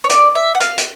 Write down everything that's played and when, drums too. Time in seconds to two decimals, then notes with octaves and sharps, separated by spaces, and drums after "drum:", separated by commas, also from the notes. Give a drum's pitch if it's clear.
0.04 C#5
0.09 D5, drum: hi-hat
0.35 E5
0.55 F#5
0.60 F5, drum: hi-hat
0.78 drum: hi-hat